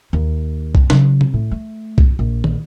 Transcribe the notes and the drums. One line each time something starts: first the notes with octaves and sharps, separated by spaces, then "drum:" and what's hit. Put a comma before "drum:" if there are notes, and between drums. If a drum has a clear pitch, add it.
D#2
drum: kick C2
C#3 F#3, drum: snare
drum: tom B2
A2
A3
drum: kick C2
A#1
drum: tom